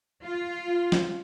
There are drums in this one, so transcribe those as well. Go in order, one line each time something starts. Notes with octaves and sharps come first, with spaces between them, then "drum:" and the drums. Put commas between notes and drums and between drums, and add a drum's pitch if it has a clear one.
F4
drum: snare